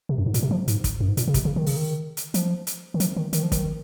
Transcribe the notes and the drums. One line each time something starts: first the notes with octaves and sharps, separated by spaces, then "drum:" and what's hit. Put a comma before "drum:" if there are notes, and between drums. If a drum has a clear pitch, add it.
C3
F#2
G#2
A#2, drum: hi-hat
C3
F3
G#2, drum: hi-hat
drum: kick, hi-hat
F#2
G#2
A#2, drum: hi-hat
C#3
C3, drum: kick, hi-hat
C#3
D#3
C#3, drum: open hi-hat
D#3
drum: hi-hat
F3, drum: hi-hat
drum: hi-hat
D#3
F3, drum: hi-hat
D#3
D#3, drum: hi-hat
F3
D#3, drum: kick, hi-hat